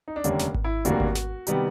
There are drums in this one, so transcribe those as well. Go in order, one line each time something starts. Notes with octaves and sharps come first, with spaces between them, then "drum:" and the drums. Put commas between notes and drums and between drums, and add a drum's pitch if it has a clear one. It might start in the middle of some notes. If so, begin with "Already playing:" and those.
D#4
D4
F1 D#2 D3 G3 A#3 C#4, drum: hi-hat
drum: snare
drum: kick G#1
E4
F1 D#2 D3 G3 A#3 F#4, drum: hi-hat
drum: kick G#1
drum: snare
C3 D#3 G3 B3, drum: hi-hat